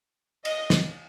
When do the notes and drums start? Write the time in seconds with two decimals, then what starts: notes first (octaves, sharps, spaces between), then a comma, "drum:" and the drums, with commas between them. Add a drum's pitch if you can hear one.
0.45 D#5, drum: cymbal
0.70 drum: snare